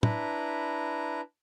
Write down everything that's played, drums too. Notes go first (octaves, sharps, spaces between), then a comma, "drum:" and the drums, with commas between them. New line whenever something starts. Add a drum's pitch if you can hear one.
D4 E4 B4 A#5, drum: tom